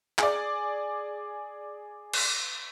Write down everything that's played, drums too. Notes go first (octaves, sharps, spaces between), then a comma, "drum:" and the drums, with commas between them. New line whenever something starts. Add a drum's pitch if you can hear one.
G#4 D5, drum: clap
drum: cymbal